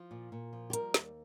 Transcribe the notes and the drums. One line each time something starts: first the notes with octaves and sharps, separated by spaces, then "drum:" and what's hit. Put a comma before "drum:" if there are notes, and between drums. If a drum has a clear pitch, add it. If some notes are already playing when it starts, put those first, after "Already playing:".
Already playing: F3
A#2
A#2
F3
G4
G3 A#4, drum: hi-hat
D#2, drum: snare